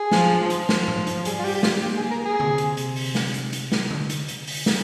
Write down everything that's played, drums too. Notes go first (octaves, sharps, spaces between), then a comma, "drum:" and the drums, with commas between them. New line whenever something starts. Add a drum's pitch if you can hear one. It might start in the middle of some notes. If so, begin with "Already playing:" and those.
Already playing: G#4
F3, drum: snare
F3
drum: hi-hat
drum: snare
drum: tom G#2
drum: hi-hat
G3 G#4, drum: hi-hat
F4
G4, drum: open hi-hat
G4
F4, drum: snare
A#3 G4
G#4
A#4
G#4
C3, drum: tom D3
drum: hi-hat
drum: hi-hat
drum: open hi-hat
drum: snare
drum: hi-hat
drum: hi-hat
drum: snare
drum: tom D3
drum: hi-hat
drum: hi-hat
drum: open hi-hat
drum: snare